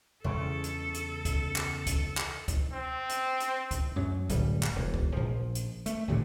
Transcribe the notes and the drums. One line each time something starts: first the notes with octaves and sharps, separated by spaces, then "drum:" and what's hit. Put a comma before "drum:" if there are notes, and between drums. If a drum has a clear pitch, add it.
E2 C#3 G#3 A4
drum: hi-hat
drum: hi-hat
drum: kick, hi-hat
drum: clap
drum: kick, hi-hat
drum: clap
drum: kick, hi-hat
C4
drum: hi-hat
drum: hi-hat
drum: kick, hi-hat
F#2 F#3
D1 F#2 G3, drum: kick, hi-hat
drum: clap
E1 E2
drum: kick
A#1 F3
drum: hi-hat
A3, drum: hi-hat
A1 D#2 A#2 D3